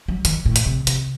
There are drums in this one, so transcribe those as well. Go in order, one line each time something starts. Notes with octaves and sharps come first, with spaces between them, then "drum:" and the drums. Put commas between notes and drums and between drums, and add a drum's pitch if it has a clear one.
F#3
D#3, drum: hi-hat
A2
drum: hi-hat
C3
C3, drum: hi-hat